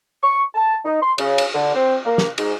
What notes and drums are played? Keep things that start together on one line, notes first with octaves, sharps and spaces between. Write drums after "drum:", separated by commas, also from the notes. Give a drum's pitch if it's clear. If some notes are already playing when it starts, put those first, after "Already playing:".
C#6
A5
D#4
C6
C#3, drum: cymbal
drum: cymbal
D3
C4
A#3
drum: snare
G#2, drum: cymbal